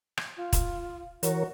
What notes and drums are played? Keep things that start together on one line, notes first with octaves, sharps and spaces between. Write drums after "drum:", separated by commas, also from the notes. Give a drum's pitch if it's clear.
drum: rim click
F4
drum: kick, hi-hat
E3 F#4 A#4 C#5, drum: hi-hat